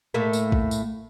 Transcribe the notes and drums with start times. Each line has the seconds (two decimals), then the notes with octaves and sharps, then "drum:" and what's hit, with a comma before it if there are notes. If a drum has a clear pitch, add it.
0.14 A2 A3 A#3
0.33 drum: tambourine
0.52 drum: kick
0.71 drum: tambourine